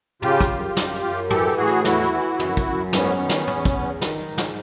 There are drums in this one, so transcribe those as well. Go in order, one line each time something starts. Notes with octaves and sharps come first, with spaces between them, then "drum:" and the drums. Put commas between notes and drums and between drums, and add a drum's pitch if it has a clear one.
C#3 F4 G4, drum: tom
drum: kick, hi-hat
F#2
F#2, drum: snare
drum: hi-hat
F#2
E3 G4 A4, drum: tom
A2 F#4 G#4
drum: hi-hat
E2 E4 F#4, drum: snare
drum: hi-hat
E3
F#2, drum: tom
drum: kick, hi-hat
F#2
G#2 B3 C#4, drum: snare
D#3
drum: snare
E2, drum: tom
drum: kick, hi-hat
E2
D#3, drum: snare
G#2
drum: snare